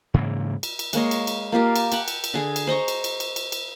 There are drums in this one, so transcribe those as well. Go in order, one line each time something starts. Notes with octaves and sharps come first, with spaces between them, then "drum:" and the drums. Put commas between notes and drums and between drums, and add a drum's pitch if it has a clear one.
G#2 C#3 E3 A#3
drum: cymbal
drum: cymbal
G#3 A#3 C#5 D#5, drum: cymbal
drum: cymbal
drum: cymbal
A#3 F4 G4 A#4
drum: cymbal
F#5 G5 A5, drum: cymbal
drum: cymbal
drum: cymbal
D3 G#4 G#5
drum: cymbal
C5 D#5 A#5 C#6
drum: cymbal
drum: cymbal
drum: cymbal
drum: cymbal
drum: cymbal